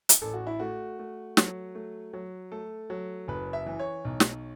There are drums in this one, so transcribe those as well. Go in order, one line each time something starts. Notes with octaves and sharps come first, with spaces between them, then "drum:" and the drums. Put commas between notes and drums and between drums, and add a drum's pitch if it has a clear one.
drum: hi-hat
A1 A4
F#4
E4
A3 F#4
A3
F#3, drum: snare
A3
F#3
A3 A4
F#3
F#1 B4
E5
E3
C#5
B1
drum: snare